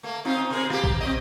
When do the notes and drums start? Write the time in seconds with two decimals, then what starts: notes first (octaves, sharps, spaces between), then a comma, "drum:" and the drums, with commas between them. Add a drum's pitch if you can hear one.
0.03 A3 A#3
0.25 C4 D#4 F4
0.50 B2 G#4 A#4
0.70 A#3 G4, drum: rim click
0.84 drum: kick
1.01 C4 G4 D#5